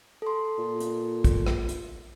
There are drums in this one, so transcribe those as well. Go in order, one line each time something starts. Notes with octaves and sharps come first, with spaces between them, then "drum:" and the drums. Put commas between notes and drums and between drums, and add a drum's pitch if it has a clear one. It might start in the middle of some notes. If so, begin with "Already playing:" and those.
A4 C6
A#2
drum: hi-hat
drum: kick, hi-hat
drum: rim click
drum: hi-hat